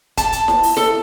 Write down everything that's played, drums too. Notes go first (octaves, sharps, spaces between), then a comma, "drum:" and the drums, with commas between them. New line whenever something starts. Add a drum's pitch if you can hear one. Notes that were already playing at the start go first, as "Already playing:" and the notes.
A5, drum: kick, hi-hat
drum: hi-hat
drum: snare E4
drum: open hi-hat
A4, drum: snare E4